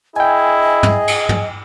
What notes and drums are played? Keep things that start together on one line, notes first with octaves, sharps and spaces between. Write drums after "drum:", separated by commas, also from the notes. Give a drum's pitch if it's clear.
E4 G#4 D#5 G5 G#5
drum: tom
drum: cymbal
drum: tom